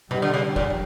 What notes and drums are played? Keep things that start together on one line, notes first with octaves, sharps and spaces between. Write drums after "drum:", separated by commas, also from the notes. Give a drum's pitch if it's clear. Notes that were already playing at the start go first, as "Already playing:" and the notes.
B2 G3, drum: tom B2
D3
C#3
A#2, drum: kick
drum: tom